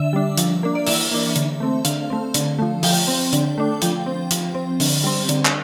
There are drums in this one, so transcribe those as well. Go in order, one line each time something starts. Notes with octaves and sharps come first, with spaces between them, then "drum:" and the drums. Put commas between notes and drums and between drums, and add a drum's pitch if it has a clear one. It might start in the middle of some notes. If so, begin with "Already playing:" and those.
Already playing: D3 E5
G3 D4
F3, drum: hi-hat
A#3 D4
D5
E3 E5, drum: open hi-hat
A#3 D4
D3, drum: hi-hat
A3 C4
D3 F5, drum: hi-hat
A3 C4
D3, drum: hi-hat
F3 A3
F3 G5, drum: open hi-hat
C4
D3, drum: hi-hat
A3 D4
F3 G5, drum: hi-hat
C4
F3, drum: hi-hat
C4
D3, drum: open hi-hat
G3 C4
D3, drum: hi-hat
drum: clap